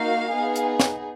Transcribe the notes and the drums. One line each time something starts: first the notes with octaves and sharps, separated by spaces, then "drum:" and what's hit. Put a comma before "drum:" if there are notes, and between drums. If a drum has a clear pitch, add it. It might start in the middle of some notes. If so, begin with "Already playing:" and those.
Already playing: A#3 D#4 F#4 F5
B3 D#4 G#4
drum: hi-hat
drum: snare